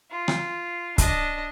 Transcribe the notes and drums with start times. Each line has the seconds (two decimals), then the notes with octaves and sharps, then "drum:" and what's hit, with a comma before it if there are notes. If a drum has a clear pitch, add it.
0.11 F4
0.28 drum: rim click
0.98 D4 D#5, drum: kick C#1, hi-hat